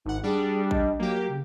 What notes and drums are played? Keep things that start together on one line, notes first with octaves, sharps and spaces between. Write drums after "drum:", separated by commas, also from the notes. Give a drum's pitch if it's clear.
G#1 D#4 F#5
G3 D4 G#4
D#5, drum: kick A1
F#3 A#3 G4
C#3